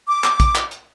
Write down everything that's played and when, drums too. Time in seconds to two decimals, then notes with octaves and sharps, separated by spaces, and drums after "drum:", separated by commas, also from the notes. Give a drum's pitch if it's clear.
0.08 D6
0.24 drum: clap
0.40 drum: kick, hi-hat
0.55 drum: clap
0.71 drum: hi-hat